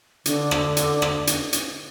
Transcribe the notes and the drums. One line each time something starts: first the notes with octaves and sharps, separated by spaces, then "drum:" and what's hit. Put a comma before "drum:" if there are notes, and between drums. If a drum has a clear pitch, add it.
D3, drum: hi-hat
drum: rim click
drum: hi-hat
drum: rim click
drum: hi-hat
drum: hi-hat